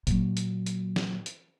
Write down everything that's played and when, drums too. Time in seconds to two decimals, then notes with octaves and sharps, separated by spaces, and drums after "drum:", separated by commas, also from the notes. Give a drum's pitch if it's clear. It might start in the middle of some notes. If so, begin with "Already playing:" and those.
0.07 A#2 F#3, drum: kick, hi-hat
0.37 drum: hi-hat
0.66 drum: hi-hat
0.96 drum: snare
1.26 drum: hi-hat